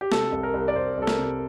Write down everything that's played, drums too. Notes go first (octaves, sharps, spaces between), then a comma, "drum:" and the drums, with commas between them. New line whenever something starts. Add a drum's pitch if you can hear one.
G4
C3 A4, drum: snare
C2
A#4
C2
D5
C2 C5
C2 A4
A#4, drum: snare
C3